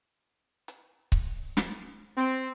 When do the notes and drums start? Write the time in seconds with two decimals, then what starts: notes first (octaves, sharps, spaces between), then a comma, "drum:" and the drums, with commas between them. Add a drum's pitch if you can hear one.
0.68 drum: hi-hat
1.12 drum: kick C#1
1.57 drum: snare
2.16 C4